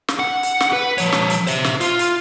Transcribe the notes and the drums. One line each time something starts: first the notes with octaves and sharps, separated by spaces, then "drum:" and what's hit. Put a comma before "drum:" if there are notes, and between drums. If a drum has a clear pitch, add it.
drum: snare
F#5
drum: hi-hat
drum: snare
B4
F3 C#5, drum: hi-hat
drum: snare
drum: hi-hat
C5 E5, drum: hi-hat
drum: snare
F4, drum: hi-hat
drum: hi-hat